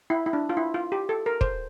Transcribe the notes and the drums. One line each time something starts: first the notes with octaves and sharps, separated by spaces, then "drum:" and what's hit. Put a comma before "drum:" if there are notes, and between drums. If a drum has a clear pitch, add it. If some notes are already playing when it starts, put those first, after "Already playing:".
E4
E4
D4
F4
E4
F4
G4
A4
A#4
C5, drum: kick